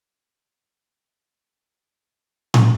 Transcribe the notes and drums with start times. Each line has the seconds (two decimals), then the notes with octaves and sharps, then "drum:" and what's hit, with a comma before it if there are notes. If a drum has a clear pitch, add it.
0.24 C4 G5
2.54 drum: tom A2